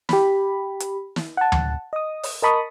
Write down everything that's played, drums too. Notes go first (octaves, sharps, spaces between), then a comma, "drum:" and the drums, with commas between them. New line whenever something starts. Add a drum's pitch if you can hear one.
G4 B5, drum: snare
drum: hi-hat
drum: snare
F#5 A5
drum: tom D2
D#5 D#6
drum: open hi-hat
A#4 D#5 A5 B5 C#6 D#6